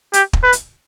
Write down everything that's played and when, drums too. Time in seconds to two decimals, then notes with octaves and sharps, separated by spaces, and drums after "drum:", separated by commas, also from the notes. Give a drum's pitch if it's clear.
0.13 G4, drum: hi-hat
0.33 drum: kick
0.43 B4
0.53 drum: hi-hat